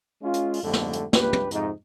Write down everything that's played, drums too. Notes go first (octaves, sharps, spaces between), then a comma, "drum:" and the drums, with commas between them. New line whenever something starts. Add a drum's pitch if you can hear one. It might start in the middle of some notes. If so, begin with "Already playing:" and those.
G#3 C#4 F4
drum: hi-hat
drum: open hi-hat
F2 G#2 D3 G3 A3
drum: snare
drum: hi-hat
C#2 G2 G4 B4, drum: snare
drum: tom
F2 G#2 C3 D#4, drum: hi-hat